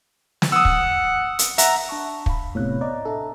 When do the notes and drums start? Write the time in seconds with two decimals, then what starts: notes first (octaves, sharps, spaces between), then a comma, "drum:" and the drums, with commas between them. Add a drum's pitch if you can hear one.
0.42 drum: snare
0.52 F#5 D#6 E6
0.65 drum: kick
1.39 drum: hi-hat
1.58 E5 F#5 A#5, drum: hi-hat
1.89 D4 A5 C#6
2.26 F5 B5, drum: kick
2.55 A2 C3 B3 C#5 F#6
2.81 D5 D#5 A#5
3.05 D4 A4 E5 A#5